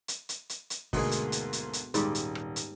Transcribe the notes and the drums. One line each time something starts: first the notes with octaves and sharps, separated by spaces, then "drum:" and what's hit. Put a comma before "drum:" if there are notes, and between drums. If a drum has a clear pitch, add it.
drum: hi-hat
drum: hi-hat
drum: hi-hat
drum: hi-hat
D2 G#2 B2 A#3 G#4, drum: kick, open hi-hat
drum: hi-hat
drum: hi-hat
drum: hi-hat
drum: hi-hat
D#1 G#2 G3 D5, drum: hi-hat
drum: hi-hat
drum: rim click
drum: hi-hat